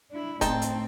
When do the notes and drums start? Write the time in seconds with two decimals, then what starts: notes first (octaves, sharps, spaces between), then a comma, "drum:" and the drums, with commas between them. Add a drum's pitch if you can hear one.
0.11 D4 E4
0.41 A2 C4 D#4 G5 A5, drum: kick E1, hi-hat
0.62 drum: hi-hat